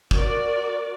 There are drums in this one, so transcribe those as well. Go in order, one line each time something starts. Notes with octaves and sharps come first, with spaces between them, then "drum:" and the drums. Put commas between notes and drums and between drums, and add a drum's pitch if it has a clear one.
F#4 A#4 D5, drum: kick